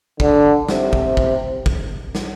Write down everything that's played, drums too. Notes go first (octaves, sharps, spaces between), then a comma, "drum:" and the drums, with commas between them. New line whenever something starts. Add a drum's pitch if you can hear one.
D3, drum: kick
C3, drum: snare
drum: kick
drum: kick
drum: kick
drum: snare